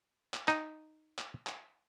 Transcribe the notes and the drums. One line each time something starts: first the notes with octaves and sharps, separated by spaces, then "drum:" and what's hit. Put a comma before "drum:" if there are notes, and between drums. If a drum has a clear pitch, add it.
drum: clap
D#4, drum: clap
drum: clap
drum: clap